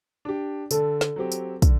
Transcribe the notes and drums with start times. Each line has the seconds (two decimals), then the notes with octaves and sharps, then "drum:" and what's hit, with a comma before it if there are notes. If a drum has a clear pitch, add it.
0.25 D4 G4
0.71 D3 A4, drum: tambourine
1.01 drum: snare
1.16 F#3 C4 G4
1.32 drum: tambourine
1.62 D3, drum: kick, tambourine